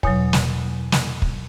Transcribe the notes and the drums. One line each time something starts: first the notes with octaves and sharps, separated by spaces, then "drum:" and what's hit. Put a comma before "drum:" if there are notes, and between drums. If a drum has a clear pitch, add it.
E2 B2 F#3 C#5, drum: kick
drum: snare
drum: snare
drum: kick